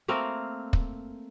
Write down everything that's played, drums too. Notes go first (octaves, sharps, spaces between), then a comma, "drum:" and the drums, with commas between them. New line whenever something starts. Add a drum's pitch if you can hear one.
A3 A#3 C4 A#4
drum: kick